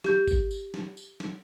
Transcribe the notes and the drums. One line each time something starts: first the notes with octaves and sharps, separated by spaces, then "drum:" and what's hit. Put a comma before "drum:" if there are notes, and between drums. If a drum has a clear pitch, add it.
G4 G6, drum: snare
drum: kick G#1, tambourine
drum: tambourine
drum: snare
drum: tambourine
drum: snare